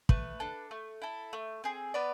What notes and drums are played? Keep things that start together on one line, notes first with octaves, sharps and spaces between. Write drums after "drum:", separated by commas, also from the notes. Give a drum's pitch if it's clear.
A3 B4, drum: kick
D4 A4
A3
E4 A4
A3
C4 G#4
B3 B4 D5